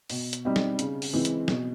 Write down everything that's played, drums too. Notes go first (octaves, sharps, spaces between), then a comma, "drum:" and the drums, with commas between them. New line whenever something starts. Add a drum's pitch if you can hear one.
B2, drum: open hi-hat
drum: hi-hat
G3 C4 D#4 G4
drum: snare
C#3, drum: hi-hat
drum: open hi-hat
E3 G#3 C4
drum: hi-hat
B2, drum: snare